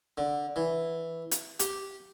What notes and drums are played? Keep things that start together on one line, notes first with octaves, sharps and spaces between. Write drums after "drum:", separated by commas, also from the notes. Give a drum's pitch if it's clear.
D3
E3
drum: hi-hat
G4, drum: hi-hat